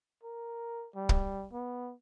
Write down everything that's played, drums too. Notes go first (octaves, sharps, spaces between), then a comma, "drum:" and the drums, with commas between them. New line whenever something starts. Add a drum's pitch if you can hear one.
A#4
G3
drum: kick
B3